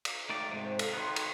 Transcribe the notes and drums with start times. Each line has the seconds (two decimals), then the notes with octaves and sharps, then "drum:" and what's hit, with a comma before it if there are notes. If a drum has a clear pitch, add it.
0.05 drum: cymbal
0.30 D#3 A3 D5
0.50 G#2 C3
0.65 C5
0.79 A4, drum: cymbal
0.93 D#3 B3 C6
1.16 drum: cymbal